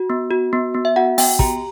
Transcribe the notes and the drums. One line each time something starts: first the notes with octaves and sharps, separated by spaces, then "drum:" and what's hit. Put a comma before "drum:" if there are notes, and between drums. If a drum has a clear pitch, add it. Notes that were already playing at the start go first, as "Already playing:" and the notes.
Already playing: F#4
B3
F#4
B3
B3
E5
F#4 F#5
B3 G5, drum: open hi-hat
G4 A#5, drum: kick